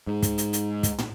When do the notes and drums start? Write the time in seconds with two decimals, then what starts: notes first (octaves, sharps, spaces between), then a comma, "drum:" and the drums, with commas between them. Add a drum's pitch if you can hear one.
0.07 G#2
0.23 drum: kick, hi-hat
0.38 drum: hi-hat
0.53 drum: hi-hat
0.83 drum: kick, hi-hat
0.98 drum: tom